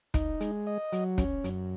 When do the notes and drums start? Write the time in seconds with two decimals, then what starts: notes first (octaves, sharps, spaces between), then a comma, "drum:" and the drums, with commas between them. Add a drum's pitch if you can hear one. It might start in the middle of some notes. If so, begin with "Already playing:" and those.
0.14 D#4, drum: kick, hi-hat
0.41 G#3, drum: hi-hat
0.67 D#5
0.93 F#3, drum: hi-hat
1.18 C#4, drum: kick, hi-hat
1.44 F#2, drum: hi-hat